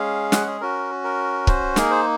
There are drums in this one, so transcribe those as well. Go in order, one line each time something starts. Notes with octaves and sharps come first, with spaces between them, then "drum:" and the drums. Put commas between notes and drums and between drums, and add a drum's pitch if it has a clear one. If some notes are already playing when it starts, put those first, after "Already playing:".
Already playing: G#3 C#4 G#4 F5
F#5, drum: snare
G#4
C#4 F#4 A#4
A#4
C5, drum: kick C#1
A#3 D#4 G#4 A#4, drum: snare
C5